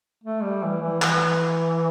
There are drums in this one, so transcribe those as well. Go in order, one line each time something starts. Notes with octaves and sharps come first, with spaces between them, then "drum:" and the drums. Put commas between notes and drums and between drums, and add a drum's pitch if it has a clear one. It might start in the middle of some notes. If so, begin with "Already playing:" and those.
A3
G3
E3
E3
E3, drum: clap